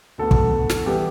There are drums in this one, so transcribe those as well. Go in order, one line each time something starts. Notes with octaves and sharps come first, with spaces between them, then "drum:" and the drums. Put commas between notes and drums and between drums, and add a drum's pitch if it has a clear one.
D2 D3 B3 A4
drum: kick
drum: snare
E3 G3 B3 G4